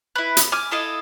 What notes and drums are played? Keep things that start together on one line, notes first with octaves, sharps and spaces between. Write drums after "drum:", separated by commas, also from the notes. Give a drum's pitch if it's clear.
E4 B4
drum: hi-hat
G#5 D6 F6
E4 A4 D#5 F5